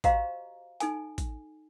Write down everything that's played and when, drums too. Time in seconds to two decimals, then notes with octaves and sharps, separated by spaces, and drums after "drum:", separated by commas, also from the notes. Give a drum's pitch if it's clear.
0.04 F#4 G4 C5 D#5 F5 A#5, drum: kick A1, hi-hat
0.80 D#4 A4 G#5, drum: hi-hat
1.18 drum: kick A1, hi-hat